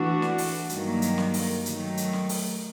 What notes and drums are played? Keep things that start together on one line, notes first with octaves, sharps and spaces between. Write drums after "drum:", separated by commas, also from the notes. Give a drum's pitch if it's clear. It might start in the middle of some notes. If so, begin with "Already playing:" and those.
Already playing: E3 A3 D4 F#4
drum: snare
drum: open hi-hat
G2 D#3 F#3 A#3, drum: hi-hat
drum: hi-hat
drum: snare
drum: open hi-hat
D#3 F#3 A3, drum: hi-hat
drum: hi-hat
drum: snare
drum: open hi-hat